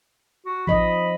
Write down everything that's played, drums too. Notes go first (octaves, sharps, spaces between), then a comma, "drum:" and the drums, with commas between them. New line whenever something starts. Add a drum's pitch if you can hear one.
F#4
F3 D#5 B5, drum: kick A1